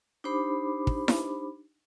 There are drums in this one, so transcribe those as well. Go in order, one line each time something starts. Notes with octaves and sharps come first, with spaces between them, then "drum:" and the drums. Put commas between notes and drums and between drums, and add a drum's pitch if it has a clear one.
D4 D#4 G4 C5 B5 D6
drum: kick
drum: snare E4